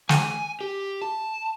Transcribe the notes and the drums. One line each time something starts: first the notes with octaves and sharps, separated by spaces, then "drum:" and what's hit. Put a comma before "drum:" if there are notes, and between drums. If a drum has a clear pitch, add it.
G#5, drum: snare
G4
A5